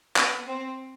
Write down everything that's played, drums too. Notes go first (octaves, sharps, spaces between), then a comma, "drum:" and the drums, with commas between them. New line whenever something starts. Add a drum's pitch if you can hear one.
B3, drum: clap
C4